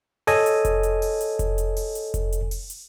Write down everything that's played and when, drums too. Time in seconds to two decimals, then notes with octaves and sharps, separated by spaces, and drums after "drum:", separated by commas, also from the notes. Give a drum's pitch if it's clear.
0.27 A4 C#5 D#5 G#5, drum: open hi-hat
0.46 drum: hi-hat
0.65 drum: kick F1, hi-hat
0.83 drum: hi-hat
1.02 drum: open hi-hat
1.21 drum: hi-hat
1.39 drum: kick F1, hi-hat
1.58 drum: hi-hat
1.76 drum: open hi-hat
1.95 drum: hi-hat
2.14 drum: kick F1, hi-hat
2.32 drum: hi-hat
2.51 drum: open hi-hat
2.70 drum: hi-hat